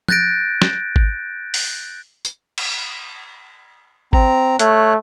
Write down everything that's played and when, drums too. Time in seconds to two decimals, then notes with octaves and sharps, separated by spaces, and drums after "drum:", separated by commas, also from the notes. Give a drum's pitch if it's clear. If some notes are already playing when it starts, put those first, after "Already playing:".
0.08 F#6 G6 A6 A#6 D7, drum: tom
0.62 drum: snare
0.96 drum: kick G#1
1.54 drum: open hi-hat
2.25 drum: tambourine
2.58 drum: cymbal
4.13 C4 A#5, drum: kick G#1
4.59 A3 C#5 F#6, drum: hi-hat